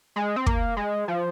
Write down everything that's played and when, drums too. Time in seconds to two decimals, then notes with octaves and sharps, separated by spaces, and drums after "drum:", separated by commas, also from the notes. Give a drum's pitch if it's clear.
0.16 G#3
0.36 C4
0.46 A#3, drum: kick
0.77 G#3
1.08 F3